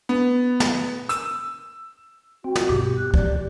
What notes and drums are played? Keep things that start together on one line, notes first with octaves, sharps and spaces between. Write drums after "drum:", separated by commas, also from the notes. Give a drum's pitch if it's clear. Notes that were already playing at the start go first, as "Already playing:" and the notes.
B3
drum: snare
E6, drum: hi-hat
C4 F#4
drum: snare
G2 B2 G4
F#6
D5, drum: kick C#2